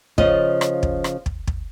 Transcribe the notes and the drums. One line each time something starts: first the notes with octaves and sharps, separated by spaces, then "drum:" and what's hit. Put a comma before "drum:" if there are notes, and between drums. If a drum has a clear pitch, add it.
C#3 F3 F4 D#5, drum: kick
drum: rim click
drum: kick
drum: rim click
drum: kick
drum: kick